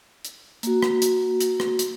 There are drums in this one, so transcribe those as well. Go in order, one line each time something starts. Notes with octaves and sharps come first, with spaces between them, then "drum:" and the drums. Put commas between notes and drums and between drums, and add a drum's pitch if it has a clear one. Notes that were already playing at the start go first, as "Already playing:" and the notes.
drum: hi-hat
A#3 F#4, drum: hi-hat
drum: rim click
drum: hi-hat
drum: hi-hat
drum: rim click
drum: hi-hat